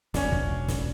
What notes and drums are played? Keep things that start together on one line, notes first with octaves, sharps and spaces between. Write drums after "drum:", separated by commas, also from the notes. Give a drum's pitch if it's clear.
E1 C#4 D4, drum: snare
drum: kick
drum: snare